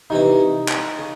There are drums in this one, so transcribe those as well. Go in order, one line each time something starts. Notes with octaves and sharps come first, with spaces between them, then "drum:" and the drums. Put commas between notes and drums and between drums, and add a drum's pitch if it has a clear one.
C2 C3 E3 C4 D#4
drum: clap
C#3